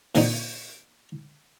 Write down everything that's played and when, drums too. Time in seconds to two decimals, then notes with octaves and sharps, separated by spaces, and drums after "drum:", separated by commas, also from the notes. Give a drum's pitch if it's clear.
0.15 A#2 D3 D#3 C4 D#4, drum: open hi-hat